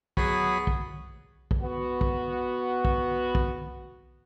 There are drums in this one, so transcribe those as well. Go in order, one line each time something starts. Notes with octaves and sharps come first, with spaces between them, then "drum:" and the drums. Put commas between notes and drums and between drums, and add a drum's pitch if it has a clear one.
F#3 B3 G#4 B5, drum: kick
drum: kick
drum: kick
B3 F#4
drum: kick
drum: kick
drum: kick